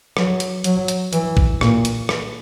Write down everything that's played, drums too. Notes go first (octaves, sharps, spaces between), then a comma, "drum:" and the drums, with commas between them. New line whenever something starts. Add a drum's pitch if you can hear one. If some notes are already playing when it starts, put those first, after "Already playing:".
F#3, drum: rim click
drum: hi-hat
F#3, drum: hi-hat
drum: hi-hat
E3, drum: hi-hat
drum: kick A#1
A#2, drum: rim click
drum: hi-hat
drum: rim click